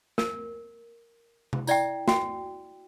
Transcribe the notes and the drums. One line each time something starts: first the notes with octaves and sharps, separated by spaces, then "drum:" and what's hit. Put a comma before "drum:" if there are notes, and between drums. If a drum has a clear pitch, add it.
A#4, drum: snare
drum: tom C3
E4 D5 E5 G5, drum: tambourine
F#4 G5, drum: snare